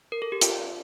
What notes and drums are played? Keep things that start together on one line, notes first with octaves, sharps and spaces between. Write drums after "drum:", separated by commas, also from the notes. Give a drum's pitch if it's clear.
A#4
A4
G4
F4, drum: hi-hat